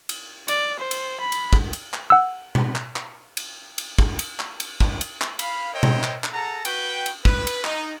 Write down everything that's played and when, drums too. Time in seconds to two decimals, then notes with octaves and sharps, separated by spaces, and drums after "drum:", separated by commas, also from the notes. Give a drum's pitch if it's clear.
0.09 drum: cymbal
0.48 D5, drum: cymbal
0.79 C5
0.91 drum: cymbal
1.20 B5
1.32 drum: cymbal
1.53 drum: kick
1.73 drum: cymbal
1.94 drum: clap
2.10 F#5 E6
2.55 drum: tom B2
2.76 drum: clap
2.96 drum: clap
3.37 drum: cymbal
3.78 drum: cymbal
3.98 drum: kick
4.19 drum: cymbal
4.39 drum: clap
4.60 drum: cymbal
4.80 drum: kick
5.01 drum: cymbal
5.21 drum: clap
5.39 F5 B5, drum: cymbal
5.73 A#4 C5 C#5 D#5 E5 G5
5.83 drum: tom B2
6.03 drum: clap
6.24 drum: clap
6.33 G#4 A4 F#5 A5 A#5
6.65 F#4 B4 G5, drum: cymbal
7.06 drum: cymbal
7.25 B4, drum: kick
7.47 drum: cymbal
7.64 D#4, drum: clap